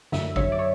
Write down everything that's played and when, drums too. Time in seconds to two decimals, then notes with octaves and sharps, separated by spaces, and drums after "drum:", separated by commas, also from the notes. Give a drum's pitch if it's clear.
0.12 F#2 D3 F#3 E5, drum: snare
0.36 C#5 E5, drum: kick
0.52 D5
0.59 C#5